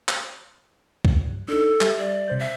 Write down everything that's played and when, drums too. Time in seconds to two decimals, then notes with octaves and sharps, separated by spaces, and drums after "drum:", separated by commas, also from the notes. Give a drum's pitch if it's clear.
0.08 drum: clap
1.05 drum: kick
1.26 G2
1.48 D4 D#4 A4
1.81 G3 G4 E5, drum: clap
1.99 D5
2.28 C3 C5 G6
2.39 E5